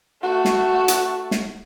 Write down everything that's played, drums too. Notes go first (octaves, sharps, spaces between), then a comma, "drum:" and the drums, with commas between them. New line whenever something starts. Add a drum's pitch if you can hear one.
A3 F#4
drum: snare
drum: hi-hat
drum: snare